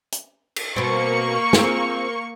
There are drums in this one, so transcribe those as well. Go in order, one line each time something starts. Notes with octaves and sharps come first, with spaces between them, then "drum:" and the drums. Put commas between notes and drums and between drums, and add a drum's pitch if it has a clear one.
drum: hi-hat
drum: cymbal
B2 A#3 C4 C#6
C4 F4 G#4, drum: snare